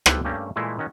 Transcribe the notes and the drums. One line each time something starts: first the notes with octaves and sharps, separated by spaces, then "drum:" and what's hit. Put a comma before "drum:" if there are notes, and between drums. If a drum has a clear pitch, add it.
E4 F4 G4 A4 B4 C5, drum: rim click
G2 A3 A#3 C#4 G4
A#2 E3 G#3 A3 E4
D#3 C#4 F#4